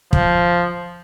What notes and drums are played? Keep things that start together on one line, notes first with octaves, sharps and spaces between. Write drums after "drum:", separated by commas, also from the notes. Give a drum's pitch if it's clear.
F3, drum: kick